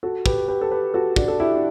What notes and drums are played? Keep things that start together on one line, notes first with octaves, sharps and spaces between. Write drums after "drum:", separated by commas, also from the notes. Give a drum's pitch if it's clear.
F#4 A4
G4 B4, drum: kick
G4 B4
A4
G4 B4
F#4 A4
D4 F#4, drum: kick
A4
E4 G4
D4